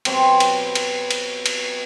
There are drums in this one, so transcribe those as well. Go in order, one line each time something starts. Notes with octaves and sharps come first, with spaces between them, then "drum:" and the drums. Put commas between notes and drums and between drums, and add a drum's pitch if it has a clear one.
B2 F#3 C4 G4, drum: cymbal
drum: cymbal
drum: cymbal
drum: cymbal
drum: cymbal